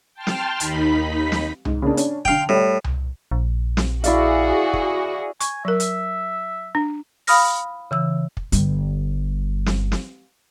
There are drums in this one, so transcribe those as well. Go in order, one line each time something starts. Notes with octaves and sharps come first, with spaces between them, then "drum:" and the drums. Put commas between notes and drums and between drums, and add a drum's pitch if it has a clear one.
G5 A5 C6 F6
drum: snare
D#2 D#4 B5 B6, drum: hi-hat
drum: snare
G#2, drum: tom C2
C#3 A#3 D4
C#4 D4, drum: hi-hat
D3 F5 G5 F7, drum: kick
A2 G3
drum: tom C2
A#1
drum: snare
E4 F#4 G#4 D5 F5, drum: hi-hat
drum: kick
G#5 C#6, drum: hi-hat
F#3 A#4 E5
drum: hi-hat
D4
F5 B5 D#6 F6 A#6, drum: open hi-hat
C#3 E3 E6
drum: kick
G1 G3, drum: hi-hat
drum: snare
drum: snare